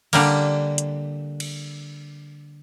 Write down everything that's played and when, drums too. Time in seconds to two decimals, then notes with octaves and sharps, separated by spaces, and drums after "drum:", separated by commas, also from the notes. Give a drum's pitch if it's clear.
0.13 D3 G3 A#3, drum: cymbal
0.78 drum: hi-hat
1.40 drum: cymbal